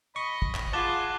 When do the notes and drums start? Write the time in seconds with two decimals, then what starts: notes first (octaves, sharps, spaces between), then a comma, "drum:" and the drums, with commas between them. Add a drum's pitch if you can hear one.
0.16 D#5 B5 C#6
0.42 drum: kick
0.55 drum: clap
0.73 F4 G#4 F#5 A5 D6 F#6 G7